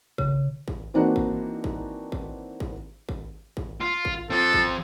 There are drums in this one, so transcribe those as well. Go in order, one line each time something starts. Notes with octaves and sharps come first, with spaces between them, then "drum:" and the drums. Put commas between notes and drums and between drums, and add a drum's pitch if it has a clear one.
C#3, drum: kick G#1
drum: kick G#1
E3 A#3 C4 D4 D#4 F#4
drum: kick G#1
drum: kick G#1
drum: kick G#1
drum: kick G#1
drum: kick G#1
drum: kick G#1
F4
drum: kick G#1
F3 C4 A4
drum: kick G#1